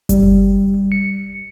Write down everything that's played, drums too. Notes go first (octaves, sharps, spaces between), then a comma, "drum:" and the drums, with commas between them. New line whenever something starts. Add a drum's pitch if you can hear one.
G3, drum: kick G1, hi-hat
C#7